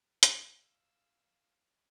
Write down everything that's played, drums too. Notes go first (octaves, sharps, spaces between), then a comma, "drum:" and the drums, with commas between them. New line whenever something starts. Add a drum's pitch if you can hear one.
F5 E6, drum: hi-hat